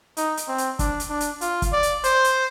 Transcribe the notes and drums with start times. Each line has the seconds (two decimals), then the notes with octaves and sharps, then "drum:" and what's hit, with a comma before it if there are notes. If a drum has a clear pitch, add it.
0.17 D#4, drum: hi-hat
0.37 drum: hi-hat
0.48 C4
0.58 drum: hi-hat
0.79 D4, drum: kick, hi-hat
1.00 drum: hi-hat
1.10 D4
1.20 drum: hi-hat
1.41 F4, drum: hi-hat
1.62 drum: kick, hi-hat
1.72 D5
1.83 drum: hi-hat
2.04 C5, drum: hi-hat
2.24 drum: hi-hat